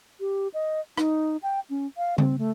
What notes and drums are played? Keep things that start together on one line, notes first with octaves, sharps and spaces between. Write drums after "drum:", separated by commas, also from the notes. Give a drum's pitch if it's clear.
G4
D#5
D#4, drum: rim click
G5
C#4
F5
C4, drum: tom C#3
A3